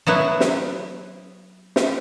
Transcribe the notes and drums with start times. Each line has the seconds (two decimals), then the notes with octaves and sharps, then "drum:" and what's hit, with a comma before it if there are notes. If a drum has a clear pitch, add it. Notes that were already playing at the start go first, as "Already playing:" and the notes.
0.07 F#3 B3 E4 B4
0.40 drum: snare
1.76 drum: snare